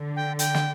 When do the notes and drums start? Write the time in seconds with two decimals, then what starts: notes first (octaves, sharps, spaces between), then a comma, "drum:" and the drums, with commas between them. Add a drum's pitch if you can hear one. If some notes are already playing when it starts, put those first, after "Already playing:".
Already playing: D3
0.16 G5
0.39 G5, drum: hi-hat
0.54 drum: snare